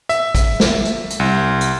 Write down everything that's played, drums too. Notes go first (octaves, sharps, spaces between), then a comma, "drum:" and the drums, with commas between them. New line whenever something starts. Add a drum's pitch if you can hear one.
E5, drum: hi-hat
drum: kick, hi-hat
drum: snare
drum: hi-hat
drum: hi-hat
C2
drum: hi-hat